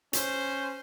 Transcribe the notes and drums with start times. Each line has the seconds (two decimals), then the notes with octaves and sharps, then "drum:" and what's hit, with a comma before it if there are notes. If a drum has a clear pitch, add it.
0.13 C#4 C5, drum: hi-hat